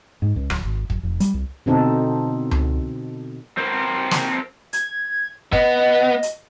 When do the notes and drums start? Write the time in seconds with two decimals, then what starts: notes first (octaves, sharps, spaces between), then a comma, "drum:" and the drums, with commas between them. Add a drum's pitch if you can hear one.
0.22 G#2
0.36 C#2
0.50 D1, drum: rim click
0.65 G#1
0.90 F#1, drum: kick
1.03 F1
1.20 G3, drum: hi-hat
1.34 C2
1.66 B2 D3 C4 D#4 A4
2.51 drum: tom C#2
3.58 C4 A#4
4.11 drum: snare
4.73 G#6, drum: hi-hat
5.53 B3 D#5, drum: kick
6.23 drum: hi-hat